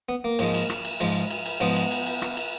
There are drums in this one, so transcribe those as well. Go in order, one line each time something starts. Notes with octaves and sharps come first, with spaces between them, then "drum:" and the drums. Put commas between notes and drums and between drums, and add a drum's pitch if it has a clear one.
B3
A#3
G#2 F3 G#3, drum: cymbal
drum: cymbal
drum: rim click
drum: cymbal
G#2 F3 G#3, drum: cymbal
drum: cymbal
drum: cymbal
G#2 F3 G#3 B3, drum: cymbal
drum: cymbal
drum: cymbal
drum: cymbal
drum: rim click
drum: cymbal